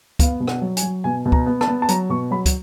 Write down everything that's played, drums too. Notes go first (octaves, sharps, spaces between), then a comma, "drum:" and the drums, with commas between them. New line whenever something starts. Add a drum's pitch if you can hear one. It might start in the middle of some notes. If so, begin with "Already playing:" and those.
B3 F5, drum: kick, hi-hat
B2
F#5, drum: rim click
F#3
G#5, drum: hi-hat
F#3
B2 G#5
B2
A#5, drum: kick
B3
A5, drum: rim click
B3
A5
F#3 A#5, drum: hi-hat
B2 C#6
F#3 B5
drum: kick, hi-hat